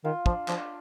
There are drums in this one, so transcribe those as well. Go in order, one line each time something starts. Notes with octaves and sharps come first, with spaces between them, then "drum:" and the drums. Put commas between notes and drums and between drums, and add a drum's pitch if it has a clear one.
D#3 F4
F3 D4, drum: kick
F3 D4, drum: clap